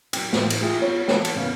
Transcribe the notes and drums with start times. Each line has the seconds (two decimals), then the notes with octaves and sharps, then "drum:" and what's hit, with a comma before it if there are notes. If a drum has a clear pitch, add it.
0.13 F#3 G5, drum: cymbal
0.33 A2, drum: snare
0.50 drum: cymbal
0.61 F4 G4 G#4 E5 F#5
0.82 B3 F4 C#5
1.08 F#4 A4 C#5 F#5, drum: snare
1.25 drum: cymbal
1.34 E2 C#3 B3 F5